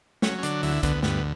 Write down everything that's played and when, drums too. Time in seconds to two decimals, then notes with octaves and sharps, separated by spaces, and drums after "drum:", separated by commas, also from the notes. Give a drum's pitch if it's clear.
0.22 F#3 C#4, drum: snare
0.38 C#4
0.43 D3 D4, drum: hi-hat
0.63 D2 E4, drum: open hi-hat
0.83 D2 B3, drum: kick, hi-hat
1.03 G2 B3, drum: snare